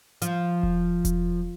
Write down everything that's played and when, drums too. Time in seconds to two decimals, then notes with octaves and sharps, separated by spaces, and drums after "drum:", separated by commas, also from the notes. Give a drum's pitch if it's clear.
0.22 F3, drum: hi-hat
0.63 drum: kick E1
1.05 drum: kick E1, hi-hat